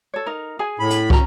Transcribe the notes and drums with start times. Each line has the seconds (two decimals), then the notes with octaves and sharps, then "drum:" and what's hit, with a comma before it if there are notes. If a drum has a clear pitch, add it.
0.14 A4 C#5
0.26 D#4 A#4
0.59 G#4 G#5
0.79 A2 B5
0.90 drum: hi-hat
1.10 C#4 A#5, drum: kick